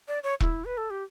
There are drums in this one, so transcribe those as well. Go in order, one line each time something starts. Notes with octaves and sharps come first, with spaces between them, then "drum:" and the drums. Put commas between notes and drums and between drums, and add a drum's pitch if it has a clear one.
D5
C#5
E4, drum: kick E1
B4
A4
G4